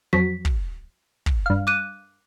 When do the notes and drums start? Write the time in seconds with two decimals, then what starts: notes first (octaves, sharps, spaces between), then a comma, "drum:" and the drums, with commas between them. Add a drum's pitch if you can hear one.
0.13 F2 F#3 B6
0.45 drum: kick
1.26 drum: kick
1.46 G2 F5
1.67 D6 F#6 D#7